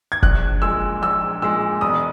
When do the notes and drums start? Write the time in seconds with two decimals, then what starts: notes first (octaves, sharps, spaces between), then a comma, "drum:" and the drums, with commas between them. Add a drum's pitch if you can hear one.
0.12 G#6
0.23 A#1 F#6, drum: kick
0.62 A#2 G#3 E6
1.02 A#1 E6
1.42 A#2 G#3 E6
1.81 E1 D#6